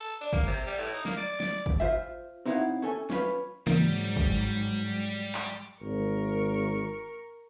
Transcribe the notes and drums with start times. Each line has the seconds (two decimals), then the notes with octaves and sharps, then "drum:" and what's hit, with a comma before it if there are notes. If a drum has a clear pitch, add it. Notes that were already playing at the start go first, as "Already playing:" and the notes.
0.01 A4
0.21 D4
0.33 A#3, drum: kick
0.47 C3
0.66 G3
0.78 A2
0.93 D#4
1.05 A#3, drum: snare
1.17 D5
1.40 D5, drum: snare
1.66 drum: kick
1.80 F4 C5 E5
2.46 C4 D#4 E4 C#5 F5 F#5
2.82 C#4 A4 G#5
3.10 C#4 F4 B4 C#5, drum: snare
3.67 G#2 C#3 E3 F#3 G3 A#3, drum: hi-hat
4.02 drum: hi-hat
4.17 drum: kick
4.32 drum: hi-hat
5.35 drum: clap
5.82 G#1 A#4 C#6